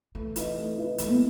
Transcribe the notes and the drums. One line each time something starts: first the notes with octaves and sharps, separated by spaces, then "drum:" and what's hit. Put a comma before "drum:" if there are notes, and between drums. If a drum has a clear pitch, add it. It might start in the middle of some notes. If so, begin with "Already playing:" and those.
E3 A3
E4 B4 D#5, drum: hi-hat
A3
E4 B4 D#5
E3 A3, drum: hi-hat
B3